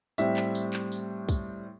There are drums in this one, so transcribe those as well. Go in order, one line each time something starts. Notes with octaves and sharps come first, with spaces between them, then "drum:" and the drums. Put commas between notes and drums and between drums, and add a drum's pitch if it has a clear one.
A2 G3 C4 E5, drum: tambourine
drum: clap
drum: tambourine
drum: clap
drum: tambourine
drum: kick, tambourine